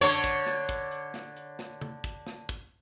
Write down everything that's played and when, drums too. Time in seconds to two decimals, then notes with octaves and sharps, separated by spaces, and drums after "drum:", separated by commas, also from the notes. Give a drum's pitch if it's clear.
0.01 D3 C#5, drum: tom F#2
0.24 drum: kick, hi-hat
0.46 drum: snare
0.69 drum: kick, hi-hat
0.91 drum: hi-hat
1.14 drum: snare
1.36 drum: hi-hat
1.59 drum: snare
1.81 drum: tom C#3
2.04 drum: kick, hi-hat
2.27 drum: snare
2.49 drum: kick, hi-hat